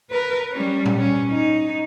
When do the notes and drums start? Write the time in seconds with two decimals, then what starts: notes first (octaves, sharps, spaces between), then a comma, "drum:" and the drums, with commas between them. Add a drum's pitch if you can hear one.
0.11 A#4 B4
0.52 G3 C#4
0.86 drum: tom A#2
0.98 C#4
1.31 D#4